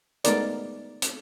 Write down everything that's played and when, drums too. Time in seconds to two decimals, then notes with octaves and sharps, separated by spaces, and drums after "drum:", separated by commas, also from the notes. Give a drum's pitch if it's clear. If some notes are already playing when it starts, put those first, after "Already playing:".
0.24 G#3 A3 B3 D#4 A#4 D5, drum: hi-hat
1.02 drum: hi-hat